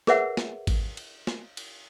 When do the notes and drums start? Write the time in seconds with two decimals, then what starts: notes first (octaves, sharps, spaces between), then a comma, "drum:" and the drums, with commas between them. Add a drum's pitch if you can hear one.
0.07 G#4 A#4 B4 C#5 E5 F#5, drum: snare
0.37 drum: snare
0.67 drum: kick G#1, cymbal
0.97 drum: cymbal
1.27 drum: snare
1.57 drum: cymbal